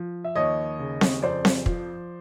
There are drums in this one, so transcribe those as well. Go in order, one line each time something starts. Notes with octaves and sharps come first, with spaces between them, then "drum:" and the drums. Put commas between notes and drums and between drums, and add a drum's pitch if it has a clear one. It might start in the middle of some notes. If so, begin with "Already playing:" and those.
Already playing: F3
E5
D#2 C#5 D#5
C#3
drum: snare C4
F2 C5 D5
drum: snare C4
F3, drum: kick